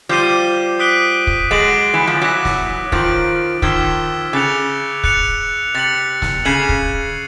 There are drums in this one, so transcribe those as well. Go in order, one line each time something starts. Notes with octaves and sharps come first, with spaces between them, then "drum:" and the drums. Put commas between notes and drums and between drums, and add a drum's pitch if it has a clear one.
F3 G3 D6 G6 C7 D#7 G7
D#6 F#6 B6 D7 G7
drum: kick
F#3 G#3 D6 F#6 A6 D7 F#7
E3
F3
E3 F#3 D6 F#6 A#6
drum: snare
D#3 F3 A6 D7 F#7, drum: kick
D#3 F3 E6 G#6 B6 E7 G7, drum: kick
C#3 D6 F#6 A6 C#7 F7
F#6 A6 C#7 F7, drum: kick
C3 A6 C#7 F#7
drum: snare
C#3 G#6 C7 D#7 F#7
drum: kick